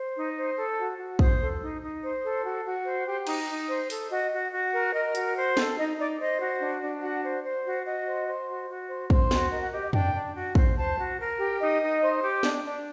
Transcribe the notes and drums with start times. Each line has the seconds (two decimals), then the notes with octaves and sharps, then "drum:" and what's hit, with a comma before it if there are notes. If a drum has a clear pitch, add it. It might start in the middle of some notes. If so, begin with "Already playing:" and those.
Already playing: C5
0.15 D#4
0.36 C5
0.57 A4
0.78 F#4
0.98 F#4
1.19 C5 D#6, drum: kick
1.40 A4
1.61 D#4
1.82 D#4
2.03 C5
2.23 A4
2.44 F#4
2.65 F#4
2.85 C5
3.07 G4
3.27 D#4 A#5, drum: cymbal
3.49 D#4
3.69 C5
3.90 A4, drum: open hi-hat
4.10 F#4 D#5
4.32 F#4
4.52 F#4
4.73 A#4
4.93 A#4 D#5
5.15 F#4, drum: hi-hat
5.36 C5
5.57 A4, drum: snare
5.77 D#4 D#5
5.98 D#4 D5
6.19 C5 D#5
6.39 F#4
6.60 D4
6.82 D4
7.01 F#4 F#5
7.23 C5
7.44 C5
7.64 F#4
7.84 F#4 D#5
8.05 C5
8.27 C5
8.48 F#4
8.69 F#4
8.89 C5
9.10 C5, drum: kick
9.31 F#4, drum: snare
9.51 A#4 D#5
9.62 F#5
9.72 G4 D#5
9.82 D#5
9.93 D4 G5, drum: tom F2
10.14 D4
10.35 F#4
10.55 C5, drum: kick
10.77 C5 A5
10.97 F#4
11.18 A#4
11.39 G4
11.59 D#4 D#5
11.81 D#4
12.02 C5
12.22 G4
12.43 D4, drum: snare
12.64 D4